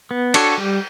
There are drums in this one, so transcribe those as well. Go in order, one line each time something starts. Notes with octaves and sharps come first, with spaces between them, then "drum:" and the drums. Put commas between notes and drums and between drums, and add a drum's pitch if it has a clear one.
B3
D4 F#4 A4 C#5, drum: cymbal
G3